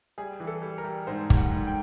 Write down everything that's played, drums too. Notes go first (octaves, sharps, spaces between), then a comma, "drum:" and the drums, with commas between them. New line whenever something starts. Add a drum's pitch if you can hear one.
G3 G#4
E3
A4
G3
A#4
G3
G#2 C5
G3, drum: kick
F#5
G#2
G5